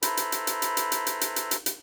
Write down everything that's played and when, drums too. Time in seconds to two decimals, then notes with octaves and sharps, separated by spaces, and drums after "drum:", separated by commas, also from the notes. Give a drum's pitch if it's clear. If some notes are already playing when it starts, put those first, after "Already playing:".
0.02 E4 A4 B4 C5 A#5 B5, drum: hi-hat
0.17 drum: hi-hat
0.32 drum: hi-hat
0.47 drum: hi-hat
0.62 drum: hi-hat
0.77 drum: hi-hat
0.92 drum: hi-hat
1.07 drum: hi-hat
1.21 drum: hi-hat
1.36 drum: hi-hat
1.51 drum: hi-hat
1.66 drum: hi-hat